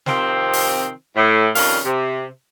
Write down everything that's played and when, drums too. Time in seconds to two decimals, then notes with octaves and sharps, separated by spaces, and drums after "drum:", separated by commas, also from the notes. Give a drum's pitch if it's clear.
0.06 C3 D#3 F3 C4, drum: snare
0.53 drum: open hi-hat
1.16 A2
1.55 F2 D#3 G3 C#4 F5, drum: open hi-hat
1.85 C3